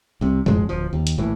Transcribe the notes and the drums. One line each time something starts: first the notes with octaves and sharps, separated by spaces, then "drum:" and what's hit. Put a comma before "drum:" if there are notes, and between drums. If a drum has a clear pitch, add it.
C2 C3
D#1 F#2 F3 G#3, drum: tom G#2
D1 F3
D#2
drum: hi-hat
A#1 A2 E3